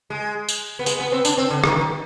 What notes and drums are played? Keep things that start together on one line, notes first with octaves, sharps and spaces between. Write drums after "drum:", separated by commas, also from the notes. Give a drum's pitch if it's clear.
G#3
drum: tambourine
B3
G#3, drum: tambourine
B3
C4
D4, drum: tambourine
C4
D3
D#3, drum: rim click
D#3